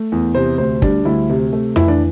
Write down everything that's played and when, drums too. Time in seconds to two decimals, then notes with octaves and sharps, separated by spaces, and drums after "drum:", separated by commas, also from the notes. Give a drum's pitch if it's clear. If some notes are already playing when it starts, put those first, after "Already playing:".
Already playing: A3
0.12 E2
0.35 C3 C5
0.58 D2 C5
0.82 G3 D4, drum: kick
1.05 D2 E4
1.30 C3
1.53 A3
1.76 E3 E4, drum: tom F2
1.88 D4